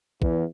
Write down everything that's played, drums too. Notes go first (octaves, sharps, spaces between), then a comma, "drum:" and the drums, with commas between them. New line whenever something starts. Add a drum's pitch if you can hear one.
E2, drum: kick